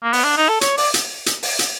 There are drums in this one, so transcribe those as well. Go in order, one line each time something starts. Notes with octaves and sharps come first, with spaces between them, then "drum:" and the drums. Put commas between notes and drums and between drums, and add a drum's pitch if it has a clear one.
A#3
B3, drum: open hi-hat
D4
D#4
A4
C#5, drum: hi-hat
D5, drum: open hi-hat
drum: hi-hat
drum: hi-hat
drum: open hi-hat
drum: hi-hat